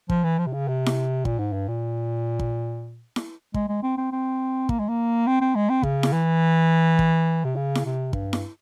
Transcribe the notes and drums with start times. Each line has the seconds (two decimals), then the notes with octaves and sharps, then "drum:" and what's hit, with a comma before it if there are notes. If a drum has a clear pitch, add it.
0.10 F3, drum: kick
0.24 E3
0.39 F3
0.46 C3
0.53 C#3
0.68 C3
0.86 drum: snare E4
1.25 A#2, drum: kick
1.39 G#2
1.53 G2
1.68 A#2
2.40 drum: kick
3.16 drum: snare E4
3.54 G#3, drum: kick
3.68 G#3
3.83 C4
3.97 C4
4.12 C4
4.69 A#3, drum: kick
4.79 G#3
4.89 A#3
5.27 C4
5.41 C4
5.55 G#3
5.69 C4
5.83 C#3, drum: kick
6.03 drum: snare E4
6.13 E3
6.99 drum: kick
7.44 C3
7.56 C#3
7.75 drum: snare E4
7.85 C3
8.13 G2, drum: kick
8.33 drum: snare E4